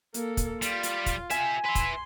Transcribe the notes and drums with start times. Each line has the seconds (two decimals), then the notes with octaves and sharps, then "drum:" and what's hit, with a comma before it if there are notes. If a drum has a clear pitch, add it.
0.14 A#3 A4, drum: hi-hat
0.37 drum: kick, hi-hat
0.62 G3 F4, drum: hi-hat
0.83 drum: hi-hat
1.06 drum: kick, hi-hat
1.30 G4 E5 G#5, drum: hi-hat
1.65 B4 E5 C6
1.75 drum: kick, hi-hat